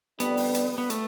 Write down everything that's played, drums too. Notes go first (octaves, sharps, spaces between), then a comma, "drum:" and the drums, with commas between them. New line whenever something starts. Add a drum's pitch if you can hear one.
F2 D3 G3 B3 D4, drum: hi-hat
drum: open hi-hat
drum: hi-hat
B3
A3, drum: hi-hat